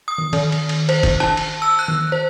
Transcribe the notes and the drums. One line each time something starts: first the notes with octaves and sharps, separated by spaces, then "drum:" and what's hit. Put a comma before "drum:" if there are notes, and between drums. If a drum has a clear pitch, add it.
D#6
drum: tom D#3
D#3, drum: cymbal
drum: cymbal
drum: cymbal
C5, drum: cymbal
drum: kick F1, cymbal
A5, drum: rim click
drum: cymbal
E6
F#6
drum: tom D#3
C5